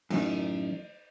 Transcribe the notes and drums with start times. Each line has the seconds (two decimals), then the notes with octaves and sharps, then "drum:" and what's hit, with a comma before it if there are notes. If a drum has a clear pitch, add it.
0.10 F#2 A2 D#3, drum: cymbal